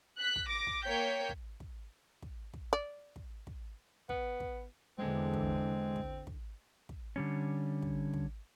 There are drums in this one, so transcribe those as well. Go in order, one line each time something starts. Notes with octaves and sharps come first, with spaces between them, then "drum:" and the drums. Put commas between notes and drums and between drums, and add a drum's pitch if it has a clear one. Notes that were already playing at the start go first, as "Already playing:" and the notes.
F#6 B6
drum: kick
D6 A#6
drum: kick
A#3 C#5 G5 G6 B6
drum: kick
drum: kick
drum: kick
drum: kick
D5
drum: kick
drum: kick
B3, drum: kick
drum: kick
E2 D3 G#3 C4
drum: kick
drum: kick
drum: kick
drum: kick
D3 G3 C#4
drum: kick
drum: kick